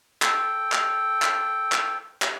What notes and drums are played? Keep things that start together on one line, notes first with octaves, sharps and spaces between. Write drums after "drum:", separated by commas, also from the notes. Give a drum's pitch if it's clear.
A4 G5, drum: clap
drum: clap
drum: clap
drum: clap
drum: clap